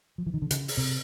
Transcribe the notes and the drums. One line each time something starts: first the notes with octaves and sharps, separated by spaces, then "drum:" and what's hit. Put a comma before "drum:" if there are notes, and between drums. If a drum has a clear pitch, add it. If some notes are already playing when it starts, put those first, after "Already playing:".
F3
E3
D#3
D3
C#3, drum: hi-hat
drum: open hi-hat
C3